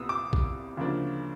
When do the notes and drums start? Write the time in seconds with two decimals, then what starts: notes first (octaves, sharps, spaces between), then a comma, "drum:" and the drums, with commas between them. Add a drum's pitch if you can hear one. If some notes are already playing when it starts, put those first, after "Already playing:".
Already playing: C2 A#2 G3 B3 D#6 E6
0.09 D6
0.33 drum: kick B1
0.77 D2 C#3 F3 A#3 D4